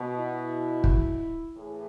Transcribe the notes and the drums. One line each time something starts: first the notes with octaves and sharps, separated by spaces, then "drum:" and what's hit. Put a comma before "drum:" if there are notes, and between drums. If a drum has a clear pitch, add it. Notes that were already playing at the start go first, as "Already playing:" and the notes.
Already playing: B2
E4
drum: kick
A2 E3 G#4